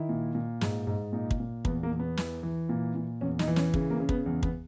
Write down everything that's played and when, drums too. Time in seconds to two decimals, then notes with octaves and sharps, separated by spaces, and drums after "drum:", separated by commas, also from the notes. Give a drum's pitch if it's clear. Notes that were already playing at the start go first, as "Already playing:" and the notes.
Already playing: D#3 E4
0.09 A#2
0.35 A#2
0.61 G#2, drum: snare
0.87 G#2
1.13 A#2 D#4
1.31 drum: kick
1.40 A#2
1.65 E2 B3, drum: kick
1.83 A#3
1.91 E2
2.00 B3
2.17 E3, drum: snare
2.43 E3
2.69 A#2
2.95 A#2
3.21 E2 C#4
3.39 D#4, drum: snare
3.48 E3
3.56 C#4, drum: snare
3.74 C#3, drum: kick
3.90 A#3
4.00 C#3
4.09 B3, drum: kick
4.26 E2
4.43 B3, drum: kick